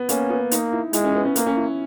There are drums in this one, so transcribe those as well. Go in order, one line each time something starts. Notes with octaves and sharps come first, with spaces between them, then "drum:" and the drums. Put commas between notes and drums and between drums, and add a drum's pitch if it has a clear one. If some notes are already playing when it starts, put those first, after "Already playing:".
Already playing: B3
A#3 C#4, drum: hi-hat
B3
A#3 D#4, drum: hi-hat
E4
G#3 E4, drum: hi-hat
C#4
B3
C#4
A#3 B3, drum: hi-hat
C#4
E4